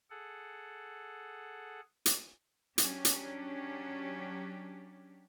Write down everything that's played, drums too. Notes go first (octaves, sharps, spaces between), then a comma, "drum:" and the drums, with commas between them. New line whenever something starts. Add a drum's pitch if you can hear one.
G#4 A4 F#5
drum: hi-hat
F#3 C#4 D4 G4, drum: hi-hat
drum: hi-hat